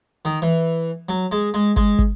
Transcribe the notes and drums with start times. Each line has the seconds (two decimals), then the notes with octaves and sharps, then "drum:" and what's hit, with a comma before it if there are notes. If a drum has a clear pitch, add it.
0.25 D#3
0.42 E3
1.09 F#3
1.32 G#3
1.54 G#3
1.76 G#3, drum: kick
1.99 drum: kick